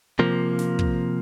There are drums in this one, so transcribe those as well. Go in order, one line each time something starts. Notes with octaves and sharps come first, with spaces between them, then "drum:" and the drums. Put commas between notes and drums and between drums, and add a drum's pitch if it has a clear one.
C3 F3 A#3
drum: snare
drum: kick